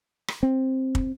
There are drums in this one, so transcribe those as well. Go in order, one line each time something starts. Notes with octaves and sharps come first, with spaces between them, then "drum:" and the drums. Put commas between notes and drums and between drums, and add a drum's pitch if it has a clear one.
drum: rim click
C4
drum: kick